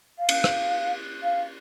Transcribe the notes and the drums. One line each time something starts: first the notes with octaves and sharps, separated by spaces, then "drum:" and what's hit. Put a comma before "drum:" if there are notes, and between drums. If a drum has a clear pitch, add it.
F5
drum: cymbal
drum: rim click
F5